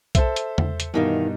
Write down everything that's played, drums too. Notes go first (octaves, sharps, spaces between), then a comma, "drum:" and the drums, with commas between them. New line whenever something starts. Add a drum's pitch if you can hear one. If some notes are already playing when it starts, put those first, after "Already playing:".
A4 C5 E5, drum: kick B1, hi-hat
drum: hi-hat
drum: tom E2
drum: hi-hat
E2 G2 B2 D#3 D#4 F5